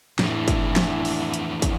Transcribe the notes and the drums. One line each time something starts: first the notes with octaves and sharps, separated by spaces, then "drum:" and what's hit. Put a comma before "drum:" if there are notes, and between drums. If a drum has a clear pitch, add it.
F2 A2 E3 D4 E4, drum: snare
drum: kick, hi-hat
drum: snare
drum: open hi-hat
drum: hi-hat
drum: kick, hi-hat